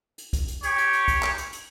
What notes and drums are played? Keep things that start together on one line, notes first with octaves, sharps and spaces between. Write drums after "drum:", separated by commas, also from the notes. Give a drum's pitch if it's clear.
drum: hi-hat
drum: kick, hi-hat
drum: hi-hat
G4 C#5, drum: hi-hat
drum: hi-hat
drum: hi-hat
drum: kick, hi-hat
drum: clap
drum: hi-hat
drum: hi-hat